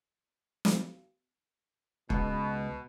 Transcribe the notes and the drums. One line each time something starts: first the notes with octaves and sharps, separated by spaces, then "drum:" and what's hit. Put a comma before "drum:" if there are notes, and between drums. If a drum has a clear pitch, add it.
drum: snare
C#2 B2, drum: kick